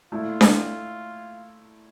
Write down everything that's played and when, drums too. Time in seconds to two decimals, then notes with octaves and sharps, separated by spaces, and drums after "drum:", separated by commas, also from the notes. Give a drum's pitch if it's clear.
0.11 A#2 A3 E4 F4
0.41 drum: snare D4